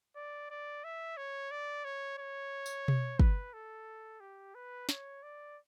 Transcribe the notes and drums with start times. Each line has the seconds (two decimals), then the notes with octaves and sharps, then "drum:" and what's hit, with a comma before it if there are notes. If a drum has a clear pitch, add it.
0.16 D5
0.50 D5
0.84 E5
1.17 C#5
1.51 D5
1.85 C#5
2.18 C#5
2.66 drum: tambourine
2.88 drum: tom B2
3.20 B4, drum: kick
3.53 A4
4.20 G4
4.55 B4
4.89 C#5, drum: snare
5.23 D5